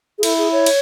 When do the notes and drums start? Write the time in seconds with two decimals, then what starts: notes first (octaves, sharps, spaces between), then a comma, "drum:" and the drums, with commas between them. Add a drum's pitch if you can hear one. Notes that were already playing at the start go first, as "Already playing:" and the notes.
0.18 G#4
0.23 E4 A4, drum: cymbal
0.38 G#4
0.52 C#5
0.66 drum: cymbal